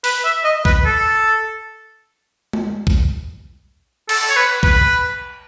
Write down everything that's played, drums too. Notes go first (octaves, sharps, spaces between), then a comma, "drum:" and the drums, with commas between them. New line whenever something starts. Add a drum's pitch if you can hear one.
B4, drum: open hi-hat
E5
D#5
B4, drum: kick
A4
drum: tom G#3
drum: kick
A4, drum: cymbal
C#5
B4
B4, drum: kick